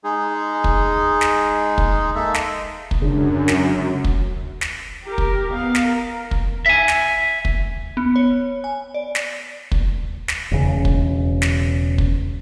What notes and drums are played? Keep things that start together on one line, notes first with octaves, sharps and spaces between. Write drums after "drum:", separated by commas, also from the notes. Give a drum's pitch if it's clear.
G#3 D#4 G#4
drum: kick
drum: snare
drum: kick
G#3 A#3 D#4 A4 E5
drum: snare
drum: kick
F#2 C#3 G#3 D4
drum: snare
drum: kick
drum: snare
G4 A#4
drum: kick
B3 F5
drum: snare
A#4
drum: kick
E5 G#5
drum: snare
drum: kick
B3
C#5
G#5
D5
drum: snare
drum: kick
drum: snare
E1 C#3
drum: kick
drum: snare
drum: kick